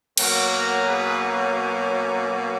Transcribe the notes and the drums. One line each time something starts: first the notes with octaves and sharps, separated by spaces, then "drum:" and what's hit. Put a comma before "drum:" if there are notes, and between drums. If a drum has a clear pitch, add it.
B2 F#3 A#3 C#4 F#4 A#4, drum: cymbal
G#4 B4